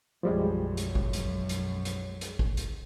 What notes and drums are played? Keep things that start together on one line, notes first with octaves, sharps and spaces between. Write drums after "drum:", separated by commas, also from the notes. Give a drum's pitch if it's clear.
B1 F#2 F3 G3 G#3
drum: hi-hat
drum: kick
drum: hi-hat
drum: hi-hat
drum: hi-hat
drum: hi-hat
drum: kick
drum: hi-hat